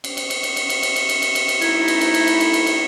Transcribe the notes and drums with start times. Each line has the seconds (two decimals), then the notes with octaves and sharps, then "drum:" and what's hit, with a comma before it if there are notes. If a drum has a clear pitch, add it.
0.04 drum: cymbal
0.17 drum: cymbal
0.30 drum: cymbal
0.43 drum: cymbal
0.56 drum: cymbal
0.70 drum: cymbal
0.83 drum: cymbal
0.96 drum: cymbal
1.09 drum: cymbal
1.22 drum: cymbal
1.35 drum: cymbal
1.48 drum: cymbal
1.62 A3 D#4 E4, drum: cymbal
1.88 drum: cymbal
2.01 drum: cymbal
2.14 drum: cymbal
2.27 drum: cymbal
2.40 drum: cymbal
2.53 drum: cymbal
2.67 drum: cymbal